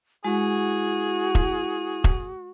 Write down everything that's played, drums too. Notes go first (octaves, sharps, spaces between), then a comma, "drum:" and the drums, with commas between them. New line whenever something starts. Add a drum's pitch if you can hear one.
G#3 E4 F#4 G#4
drum: kick E1
drum: kick E1